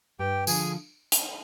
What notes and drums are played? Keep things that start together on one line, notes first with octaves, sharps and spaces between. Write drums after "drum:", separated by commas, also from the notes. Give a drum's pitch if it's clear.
G2 G4 G5
D3 F3 G#4 G#5, drum: tambourine
drum: hi-hat